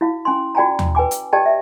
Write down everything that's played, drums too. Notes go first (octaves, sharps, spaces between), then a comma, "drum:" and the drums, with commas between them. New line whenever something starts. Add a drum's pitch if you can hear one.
E4 F#4 F5
C#4 G#5 C6
F#4 D5 G5 G#5 A#5
drum: tom
B4 G5 G#5 D6
drum: hi-hat
G4 D5 D#5 G5 A5
E5